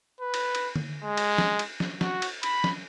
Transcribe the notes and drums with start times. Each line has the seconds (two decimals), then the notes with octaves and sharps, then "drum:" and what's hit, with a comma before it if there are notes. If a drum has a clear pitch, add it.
0.21 B4
0.34 drum: cymbal
0.55 drum: cymbal
0.76 drum: tom D3
1.03 G#3
1.17 drum: cymbal
1.38 drum: snare
1.59 drum: cymbal
1.80 drum: snare
2.01 F#4, drum: snare
2.22 drum: cymbal
2.43 B5, drum: cymbal
2.64 drum: snare